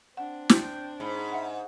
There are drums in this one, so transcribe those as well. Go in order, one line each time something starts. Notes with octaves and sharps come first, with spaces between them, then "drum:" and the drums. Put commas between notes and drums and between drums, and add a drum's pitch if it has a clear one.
C4 D4 F#5
G5, drum: snare
G#2 B5
E5 F#5